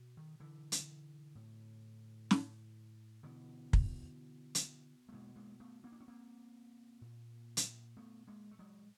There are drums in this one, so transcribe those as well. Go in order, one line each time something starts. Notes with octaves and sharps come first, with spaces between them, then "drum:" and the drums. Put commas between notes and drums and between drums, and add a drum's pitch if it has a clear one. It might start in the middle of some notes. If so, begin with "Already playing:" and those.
Already playing: B2
D#3
D3 E3
drum: hi-hat
A2
drum: snare
B2 D3 E3
drum: kick
drum: hi-hat
A3
B2 G#3 A#3
G#3 A#3
A3 B3
A#3 C4
D4
C#4
A#3 C4
A#2
drum: hi-hat
A3 B3
G#3 A#3
A3
F#3 G#3